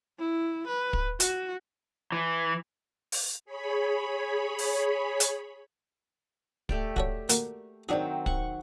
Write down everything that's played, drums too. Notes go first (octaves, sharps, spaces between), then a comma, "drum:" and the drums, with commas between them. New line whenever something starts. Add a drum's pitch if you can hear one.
E4
B4
drum: kick
F#4, drum: hi-hat
E3
drum: open hi-hat
G#4 C#5 B5
drum: open hi-hat
drum: hi-hat
A3 G4 D5, drum: kick
F#4 A4 C#5, drum: kick
A#3 F#4, drum: hi-hat
D#3 F#3 C4 D4 F#4 G#4
F#5 C#6, drum: kick